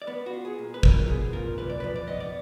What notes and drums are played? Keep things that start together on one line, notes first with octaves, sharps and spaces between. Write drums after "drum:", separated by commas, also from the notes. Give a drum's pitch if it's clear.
D5
B3 B4
F#4
F4
G#4
A#2
B4
F3 A#4, drum: kick
B3 G#4
F4 A#4
A#2 B4
D5
F3 B4
D5
B3 D#5
D5